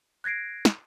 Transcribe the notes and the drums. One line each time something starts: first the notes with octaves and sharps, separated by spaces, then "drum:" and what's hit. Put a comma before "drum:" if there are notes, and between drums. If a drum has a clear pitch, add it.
F#6 G#6 A#6 C7 D7
drum: snare